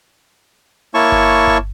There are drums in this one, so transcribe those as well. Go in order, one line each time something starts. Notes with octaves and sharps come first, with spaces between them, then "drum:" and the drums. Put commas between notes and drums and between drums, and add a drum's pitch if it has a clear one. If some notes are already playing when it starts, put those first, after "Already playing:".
A#3 E4 C#5 A5 C#6
drum: kick G1
drum: kick G1